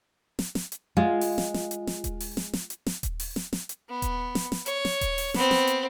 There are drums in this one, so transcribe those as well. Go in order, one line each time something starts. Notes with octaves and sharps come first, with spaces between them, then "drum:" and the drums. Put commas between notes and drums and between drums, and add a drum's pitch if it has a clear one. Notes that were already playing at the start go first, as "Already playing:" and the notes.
drum: snare
drum: snare
drum: hi-hat
G#3 F4
drum: open hi-hat
drum: snare
drum: snare
drum: hi-hat
drum: snare
drum: kick D#1, hi-hat
drum: open hi-hat
drum: snare
drum: snare
drum: hi-hat
drum: snare
drum: kick D#1, hi-hat
drum: open hi-hat
drum: snare
drum: snare
drum: hi-hat
B3
drum: kick D#1, hi-hat
drum: snare
drum: snare
C#5, drum: hi-hat
drum: snare
drum: kick D#1, hi-hat
drum: open hi-hat
B3 C4, drum: snare
drum: snare
drum: hi-hat